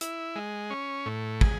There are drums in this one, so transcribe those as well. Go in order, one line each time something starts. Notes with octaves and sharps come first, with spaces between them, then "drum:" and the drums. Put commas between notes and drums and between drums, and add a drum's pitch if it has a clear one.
E4, drum: hi-hat
G#3
C#4
A2
G#4, drum: kick